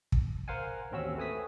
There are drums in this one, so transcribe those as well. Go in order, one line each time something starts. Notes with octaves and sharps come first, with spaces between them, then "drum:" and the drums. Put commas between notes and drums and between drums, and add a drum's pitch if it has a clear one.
drum: kick
A#4 C5 F5 F#5 G#5
A1 D#2 C4 C#4 F#4 E6
A3 B4 G#5 D#6 B6